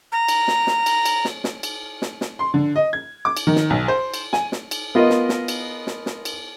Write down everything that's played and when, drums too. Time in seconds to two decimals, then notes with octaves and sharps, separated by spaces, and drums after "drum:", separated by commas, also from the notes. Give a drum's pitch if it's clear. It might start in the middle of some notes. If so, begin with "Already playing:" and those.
0.12 A#5
0.28 drum: cymbal
0.48 drum: snare
0.67 drum: snare
0.86 drum: cymbal
1.06 drum: cymbal
1.25 drum: snare
1.44 drum: snare
1.63 drum: cymbal
2.02 drum: snare
2.21 drum: snare
2.39 C6
2.54 D3
2.76 D#5
2.93 G#6
3.25 D6
3.37 drum: cymbal
3.47 D#3
3.56 drum: snare
3.70 B1
3.88 C5
4.14 drum: cymbal
4.33 G#5, drum: snare
4.52 drum: snare
4.71 drum: cymbal
4.95 B3 F4 A#4 D#5
5.10 drum: snare
5.29 drum: snare
5.48 drum: cymbal
5.87 drum: snare
6.06 drum: snare
6.25 drum: cymbal